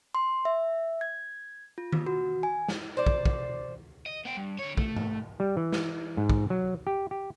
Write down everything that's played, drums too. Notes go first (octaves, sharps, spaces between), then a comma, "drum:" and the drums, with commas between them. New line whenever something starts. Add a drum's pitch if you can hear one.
C6
E5
G#6
F4
drum: tom D#3
F#4
G#5
drum: snare
C5 D5
drum: kick
drum: kick
D#5
B3 G5
G2
D3 C#5
A3, drum: kick
drum: tom G#2
G3
E3
drum: snare
G#2
drum: kick
F#3
G4
G4